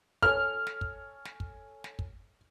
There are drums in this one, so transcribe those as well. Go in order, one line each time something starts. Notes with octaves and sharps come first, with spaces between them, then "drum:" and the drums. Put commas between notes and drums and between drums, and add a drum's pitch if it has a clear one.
A4 C#5 G#5 F6, drum: kick
drum: snare
drum: kick
drum: snare
drum: kick
drum: snare
drum: kick